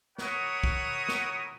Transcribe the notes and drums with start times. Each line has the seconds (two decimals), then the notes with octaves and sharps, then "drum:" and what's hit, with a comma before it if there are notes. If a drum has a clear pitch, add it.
0.18 E4 F#4 A#4 C#5 F#5 D#6, drum: snare
0.64 drum: kick
1.09 drum: snare